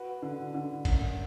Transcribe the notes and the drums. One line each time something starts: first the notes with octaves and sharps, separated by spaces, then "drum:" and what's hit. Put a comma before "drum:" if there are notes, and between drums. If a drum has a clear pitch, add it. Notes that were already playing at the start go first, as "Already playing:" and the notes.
Already playing: F#4 B4
D3
D3
F#2, drum: kick, cymbal